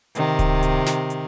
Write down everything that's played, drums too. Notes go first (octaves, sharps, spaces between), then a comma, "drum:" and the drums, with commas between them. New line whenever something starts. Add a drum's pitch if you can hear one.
C3 D#3, drum: hi-hat
drum: kick D1, hi-hat
drum: hi-hat
drum: snare
drum: hi-hat